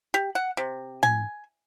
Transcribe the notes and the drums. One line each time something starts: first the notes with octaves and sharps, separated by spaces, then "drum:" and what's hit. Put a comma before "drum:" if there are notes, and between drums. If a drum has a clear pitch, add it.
G4
F#5
C3
G#5, drum: tom